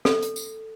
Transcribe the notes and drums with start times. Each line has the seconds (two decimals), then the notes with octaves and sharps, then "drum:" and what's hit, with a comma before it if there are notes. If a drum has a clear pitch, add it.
0.05 A4, drum: snare
0.23 drum: hi-hat
0.36 drum: tambourine